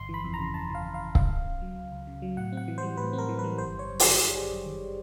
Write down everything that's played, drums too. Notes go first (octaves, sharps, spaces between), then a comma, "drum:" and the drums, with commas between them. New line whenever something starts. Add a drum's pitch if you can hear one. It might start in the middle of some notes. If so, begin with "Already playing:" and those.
Already playing: G1 C6
E3 B5
F2
A#5
C#3
G1 A5
E3 F5
F2
F5
C#3
C#2 F5, drum: kick C#1
C#2
C#3
F#3
C#2
C#2
C#3
F#3
A2 F#5
C4 F#5
E3
G3 C5
A2 B4
C4
A#4
E3
G3 B4
G1 C5
G1 C#5
F#2
D#3 D5, drum: open hi-hat
G1 G#4
G4
G1 G#4
F#2
D#3